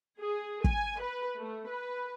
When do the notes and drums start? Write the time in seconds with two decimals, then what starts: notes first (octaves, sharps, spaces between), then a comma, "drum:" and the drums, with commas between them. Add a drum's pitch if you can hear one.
0.19 G#4
0.64 G#5, drum: kick
1.01 B4
1.38 A3
1.69 B4